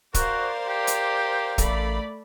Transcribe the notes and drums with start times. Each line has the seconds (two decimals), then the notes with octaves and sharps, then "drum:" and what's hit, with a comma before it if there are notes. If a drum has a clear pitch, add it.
0.14 F#4 A#4 C5 D5 F5, drum: kick, hi-hat
0.67 G4
0.87 drum: hi-hat
1.58 A1 A3 D5 B5, drum: kick, hi-hat